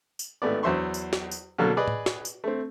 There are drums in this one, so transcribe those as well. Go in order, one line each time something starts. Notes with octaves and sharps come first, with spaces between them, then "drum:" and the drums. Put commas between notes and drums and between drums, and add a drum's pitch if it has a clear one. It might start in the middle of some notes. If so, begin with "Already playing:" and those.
drum: tambourine
G#1 A3 B3 D5
E2 F#3 C5 E5 C6 C#6
drum: tambourine
drum: snare
drum: tambourine
B2 D3 F#3 A#3 A4 F6
G#4 B4 D5 D#5
drum: tom A2
drum: snare
drum: tambourine
A3 C4